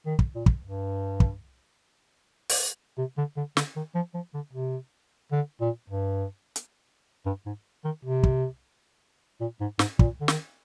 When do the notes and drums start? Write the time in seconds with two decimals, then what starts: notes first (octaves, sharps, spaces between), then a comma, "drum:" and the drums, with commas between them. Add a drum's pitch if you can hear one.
0.06 D#3
0.19 drum: kick
0.35 A#2
0.46 drum: kick
0.64 G2
1.20 drum: kick
2.50 drum: open hi-hat
2.98 C3
3.18 D3
3.37 D3
3.57 D3, drum: snare
3.76 D#3
3.95 F3
4.14 F3
4.34 D3
4.53 C3
5.32 D3
5.61 A#2
5.90 G2
6.56 drum: hi-hat
7.26 G2
7.46 G#2
7.85 D#3
8.05 C3
8.23 drum: kick
9.41 A#2
9.61 G#2
9.79 G#2, drum: snare
9.99 A#2, drum: kick
10.21 D3
10.28 D#3, drum: snare